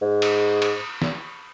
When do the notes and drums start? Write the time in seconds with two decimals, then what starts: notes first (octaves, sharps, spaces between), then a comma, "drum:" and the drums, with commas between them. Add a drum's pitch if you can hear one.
0.01 G#2
0.22 drum: cymbal
0.62 drum: cymbal
1.02 drum: snare